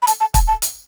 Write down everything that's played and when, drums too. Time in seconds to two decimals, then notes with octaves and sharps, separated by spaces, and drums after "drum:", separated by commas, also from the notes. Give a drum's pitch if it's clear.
0.02 B5
0.07 A5, drum: hi-hat
0.20 A5
0.34 A5, drum: kick, hi-hat
0.48 A5
0.62 drum: hi-hat